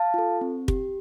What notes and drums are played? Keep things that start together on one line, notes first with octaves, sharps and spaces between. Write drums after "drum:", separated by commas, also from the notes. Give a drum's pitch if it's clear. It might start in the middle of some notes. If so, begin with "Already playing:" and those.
Already playing: F5 A5
F4 A4
C4
G4, drum: kick